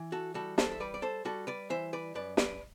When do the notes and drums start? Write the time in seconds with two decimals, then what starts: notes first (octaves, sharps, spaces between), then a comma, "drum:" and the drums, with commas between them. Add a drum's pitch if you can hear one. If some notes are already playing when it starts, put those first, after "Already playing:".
Already playing: E3
0.12 F#4 A4
0.34 G3 F#4 A4
0.58 A4 C5, drum: snare
0.72 E5
0.80 G3 B4 D5
0.94 D5
1.02 A4 C5
1.25 G3 F#4 A4
1.47 B4 D5
1.70 E3 C5 E5
1.93 B4 D5
2.15 F#2 B4 D5
2.37 B4 D5, drum: snare